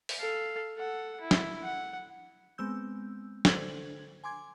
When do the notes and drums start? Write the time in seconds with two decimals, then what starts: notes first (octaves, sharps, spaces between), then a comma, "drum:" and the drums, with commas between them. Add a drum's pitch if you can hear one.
0.09 drum: open hi-hat
0.20 A4 F5
0.77 A4 F#5
1.21 E4
1.31 drum: snare
1.63 F#5
2.58 G#3 B3 C4 E6 G6
3.45 D3 D4 A4 C5 G#6 F#7, drum: snare
4.24 G#5 C6 D6 G#6